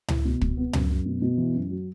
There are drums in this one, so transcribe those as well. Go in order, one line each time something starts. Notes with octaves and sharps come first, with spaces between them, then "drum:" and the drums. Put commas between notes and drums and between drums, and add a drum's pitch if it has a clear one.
E4, drum: tom C#2
B2
B2, drum: kick
B3
F#2, drum: tom C#2
F#2
B2
B2
E3
F#2
F#3